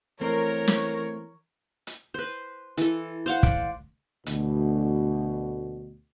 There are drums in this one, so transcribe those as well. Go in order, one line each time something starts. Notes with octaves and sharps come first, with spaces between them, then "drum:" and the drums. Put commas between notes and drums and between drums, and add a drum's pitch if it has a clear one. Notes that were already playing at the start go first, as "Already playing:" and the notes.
E3 A3 C4 A#4 C#5
drum: snare
drum: hi-hat
B4 C5
E3 A4, drum: hi-hat
C5 F5 F#5
D5, drum: kick
D2 B2, drum: hi-hat